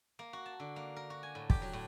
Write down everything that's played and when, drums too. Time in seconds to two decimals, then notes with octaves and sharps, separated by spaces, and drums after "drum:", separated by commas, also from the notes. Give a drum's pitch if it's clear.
0.19 A#3
0.33 F#4
0.46 A5
0.60 D3
0.76 A#3
0.96 A#4
1.10 F#4
1.23 G#5
1.35 A2
1.50 G4, drum: kick
1.62 F#3
1.73 A2